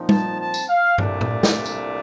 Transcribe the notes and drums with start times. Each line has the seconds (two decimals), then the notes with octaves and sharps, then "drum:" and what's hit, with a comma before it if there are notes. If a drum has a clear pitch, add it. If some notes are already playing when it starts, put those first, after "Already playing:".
Already playing: A#2 F3 C4 D#4
0.09 A5, drum: tom G3
0.39 A5
0.54 drum: tambourine
0.69 F5
0.98 C2 A#2 A3 D4, drum: tom
1.21 drum: tom A2
1.43 drum: snare
1.66 drum: tambourine